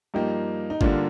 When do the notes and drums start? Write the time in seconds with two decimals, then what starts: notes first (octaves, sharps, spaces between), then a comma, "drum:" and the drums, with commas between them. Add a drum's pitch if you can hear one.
0.14 G2 F3 A#3 D#4 G4
0.70 D#4
0.81 G2 D3 G3 A#3 D4 F4, drum: kick